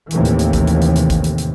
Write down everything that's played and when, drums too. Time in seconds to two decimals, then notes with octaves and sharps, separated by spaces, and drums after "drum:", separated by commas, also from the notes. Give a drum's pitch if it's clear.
0.11 D#2 A2 C3 E3, drum: hi-hat
0.25 drum: hi-hat
0.39 drum: hi-hat
0.53 drum: kick A1, hi-hat
0.67 drum: hi-hat
0.82 drum: hi-hat
0.96 drum: hi-hat
1.10 drum: kick A1, hi-hat
1.24 drum: hi-hat
1.38 drum: hi-hat